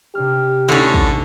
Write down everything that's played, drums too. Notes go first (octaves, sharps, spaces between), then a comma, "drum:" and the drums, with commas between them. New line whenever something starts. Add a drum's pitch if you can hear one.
C3 D4 G4 F6
D2 A2 D3 C#4 D#4
drum: kick